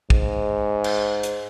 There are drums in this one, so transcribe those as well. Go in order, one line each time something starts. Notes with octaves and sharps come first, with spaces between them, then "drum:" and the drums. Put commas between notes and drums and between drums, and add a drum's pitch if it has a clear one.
G#2, drum: kick
drum: cymbal
drum: hi-hat